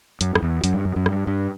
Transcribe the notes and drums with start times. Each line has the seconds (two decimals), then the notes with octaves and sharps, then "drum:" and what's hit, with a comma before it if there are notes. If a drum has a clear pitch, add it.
0.21 F#2, drum: hi-hat
0.35 F#2, drum: rim click
0.42 E2
0.64 F#2, drum: hi-hat
0.74 G2
0.85 F#2
0.96 F#2
1.06 G2, drum: rim click
1.27 G2